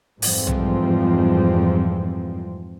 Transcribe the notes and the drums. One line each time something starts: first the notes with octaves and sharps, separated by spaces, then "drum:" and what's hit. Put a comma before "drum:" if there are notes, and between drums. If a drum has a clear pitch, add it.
F2 G#2 E3 F3 G3 C4, drum: open hi-hat
drum: tom B1